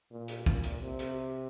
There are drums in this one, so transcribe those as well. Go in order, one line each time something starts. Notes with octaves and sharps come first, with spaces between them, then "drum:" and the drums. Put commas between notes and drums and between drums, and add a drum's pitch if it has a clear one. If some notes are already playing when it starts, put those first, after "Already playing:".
A#2
drum: hi-hat
A#2, drum: kick
drum: hi-hat
C3
drum: hi-hat